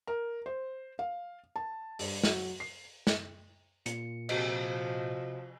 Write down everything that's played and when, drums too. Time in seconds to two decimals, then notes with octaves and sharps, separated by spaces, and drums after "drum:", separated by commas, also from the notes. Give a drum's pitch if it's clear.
0.07 A#4
0.46 C5
0.99 F5
1.56 A5
1.99 G2, drum: open hi-hat
2.24 F#3, drum: snare
2.60 C7
3.07 drum: snare
3.86 A#2 C#7, drum: hi-hat
4.29 C3 F3 F#4 D#5, drum: cymbal